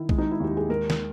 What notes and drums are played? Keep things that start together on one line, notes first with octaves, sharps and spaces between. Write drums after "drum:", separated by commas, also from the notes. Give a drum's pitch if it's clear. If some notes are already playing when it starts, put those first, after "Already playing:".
Already playing: D#3 E4
G#3, drum: kick A#1
D#4
E4
D#2 G4
G#4
G#3 A#4
drum: snare